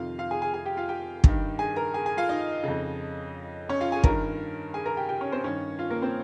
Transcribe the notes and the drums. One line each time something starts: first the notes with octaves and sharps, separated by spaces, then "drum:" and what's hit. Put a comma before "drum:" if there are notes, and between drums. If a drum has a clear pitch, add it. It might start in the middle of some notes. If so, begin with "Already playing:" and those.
Already playing: F2 C3 D#3 F4 F5
F4 F5
G#4 G#5
G#4 G#5
G#4 G#5
G4 G5
F4 F5
G4 G5
G2 D#3, drum: kick
G#4 G#5
A#4 A#5
G#4 G#5
G#4 G#5
F4 F5
D#4 D#5
F2 C#3
C#4 C#5
F4 F5
G#4 G#5
G2 D#3 A#4 A#5, drum: kick
G#4 G#5
A#4 A#5
G4 G5
G4 G5
C#4 C#5
C4 C5
G2 D#3 C#4 C#5
F4 F5
A#3 A#4
C4 C5